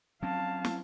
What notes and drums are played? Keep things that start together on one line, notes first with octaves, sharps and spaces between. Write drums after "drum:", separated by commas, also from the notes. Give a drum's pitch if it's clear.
F#3 C4 C#4 F5 A5
drum: snare